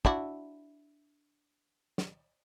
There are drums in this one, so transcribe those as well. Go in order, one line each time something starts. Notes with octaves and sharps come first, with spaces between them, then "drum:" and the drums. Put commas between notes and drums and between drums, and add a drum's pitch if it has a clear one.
D4 E4 F#4, drum: kick
drum: snare